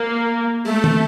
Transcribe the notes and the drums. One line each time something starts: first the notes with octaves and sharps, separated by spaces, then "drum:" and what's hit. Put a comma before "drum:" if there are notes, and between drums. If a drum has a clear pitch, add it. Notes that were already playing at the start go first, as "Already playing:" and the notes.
Already playing: A#3
A3, drum: open hi-hat
drum: tom